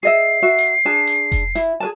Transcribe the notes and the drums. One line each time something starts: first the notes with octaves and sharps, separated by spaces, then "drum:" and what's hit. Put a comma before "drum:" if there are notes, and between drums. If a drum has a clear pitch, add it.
G#4 D#5 E5 C7
F#4 E5
drum: hi-hat
D4 G#4 A5
drum: hi-hat
drum: kick F1, hi-hat
E4, drum: hi-hat
G#4 B4 A5